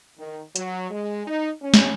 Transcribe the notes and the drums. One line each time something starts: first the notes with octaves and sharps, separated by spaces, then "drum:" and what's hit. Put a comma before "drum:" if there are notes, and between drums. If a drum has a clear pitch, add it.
D#3
F#3, drum: hi-hat
G#3
D#4
C#4
drum: snare